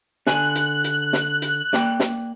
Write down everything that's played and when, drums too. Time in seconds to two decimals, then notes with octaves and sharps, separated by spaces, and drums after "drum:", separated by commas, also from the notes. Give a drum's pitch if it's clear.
0.27 D3 G#5 F#6, drum: snare
0.55 drum: hi-hat
0.84 drum: hi-hat
1.13 drum: snare
1.42 drum: hi-hat
1.73 A#3 D5 G5, drum: snare
2.00 drum: snare